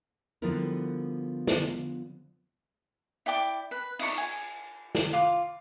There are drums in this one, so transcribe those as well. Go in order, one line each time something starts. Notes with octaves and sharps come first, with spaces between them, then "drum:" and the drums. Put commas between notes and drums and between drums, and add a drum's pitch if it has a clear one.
D3 F3 G3 B3 E4 A#4
drum: snare
E4 D5 G5 D6
B4
D#4 E4 D5 C#6, drum: cymbal
G#5
drum: snare
F4 D6